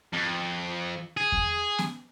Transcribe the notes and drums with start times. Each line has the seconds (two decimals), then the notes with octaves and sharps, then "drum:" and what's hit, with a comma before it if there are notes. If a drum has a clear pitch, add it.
0.13 F2
1.17 G#4
1.32 drum: kick E2
1.78 drum: snare B3